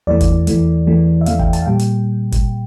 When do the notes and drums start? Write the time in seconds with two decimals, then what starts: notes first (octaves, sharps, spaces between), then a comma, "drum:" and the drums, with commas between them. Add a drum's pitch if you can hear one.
0.07 E2 E3 A3 D5
0.21 drum: kick G1, hi-hat
0.47 E2 E3 A3, drum: hi-hat
0.87 E2 E3 A3
1.21 E5
1.26 E2 E3 A3 F5, drum: hi-hat
1.39 G5, drum: kick G1
1.53 A5, drum: hi-hat
1.62 F5
1.66 A#2 G3 G5
1.79 drum: hi-hat
2.32 drum: kick G1, hi-hat